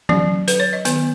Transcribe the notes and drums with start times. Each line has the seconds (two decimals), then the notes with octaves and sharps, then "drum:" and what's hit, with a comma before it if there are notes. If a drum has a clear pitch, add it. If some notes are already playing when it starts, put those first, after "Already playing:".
0.09 F#3 C#4, drum: tom E3
0.48 B4, drum: hi-hat
0.60 C#5
0.73 D#5
0.85 D#3 B3, drum: hi-hat